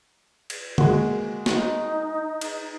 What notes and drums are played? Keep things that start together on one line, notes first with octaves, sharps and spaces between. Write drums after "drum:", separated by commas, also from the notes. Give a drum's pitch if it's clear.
drum: cymbal
G#3 A#3 F#4, drum: tom
D#4, drum: snare
drum: cymbal